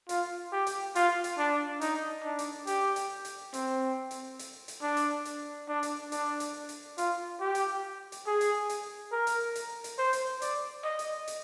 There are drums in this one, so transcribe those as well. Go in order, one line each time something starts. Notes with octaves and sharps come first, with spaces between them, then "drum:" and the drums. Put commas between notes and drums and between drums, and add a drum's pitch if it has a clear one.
F4, drum: hi-hat
G4
drum: hi-hat
F4, drum: hi-hat
drum: hi-hat
D4
D#4, drum: hi-hat
D4
drum: hi-hat
G4, drum: hi-hat
drum: hi-hat
drum: hi-hat
C4, drum: hi-hat
drum: hi-hat
drum: hi-hat
drum: hi-hat
D4
drum: hi-hat
drum: hi-hat
D4
drum: hi-hat
D4, drum: hi-hat
drum: hi-hat
drum: hi-hat
F4, drum: hi-hat
G4
drum: hi-hat
drum: hi-hat
G#4
drum: hi-hat
drum: hi-hat
A#4
drum: hi-hat
drum: hi-hat
drum: hi-hat
C5
drum: hi-hat
D5, drum: hi-hat
D#5
drum: hi-hat
drum: hi-hat